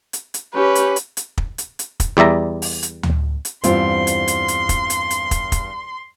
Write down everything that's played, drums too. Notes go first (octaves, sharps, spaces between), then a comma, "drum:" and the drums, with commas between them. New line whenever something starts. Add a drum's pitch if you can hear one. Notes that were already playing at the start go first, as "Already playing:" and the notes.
drum: hi-hat
drum: hi-hat
C#4 G4 B4
drum: hi-hat
drum: hi-hat
drum: hi-hat
drum: kick
drum: hi-hat
drum: hi-hat
drum: kick, hi-hat
E2 G3 D5 E5 A#5
drum: open hi-hat
drum: hi-hat
drum: tom D2
drum: hi-hat
E2 G2 C4 F4 C5 C6, drum: hi-hat
drum: hi-hat
drum: hi-hat
drum: hi-hat
drum: kick, hi-hat
drum: hi-hat
drum: hi-hat
drum: kick, hi-hat
drum: kick, hi-hat